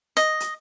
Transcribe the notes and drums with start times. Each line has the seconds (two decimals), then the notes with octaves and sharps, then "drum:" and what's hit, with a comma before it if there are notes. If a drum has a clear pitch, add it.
0.17 D#5, drum: hi-hat
0.40 drum: hi-hat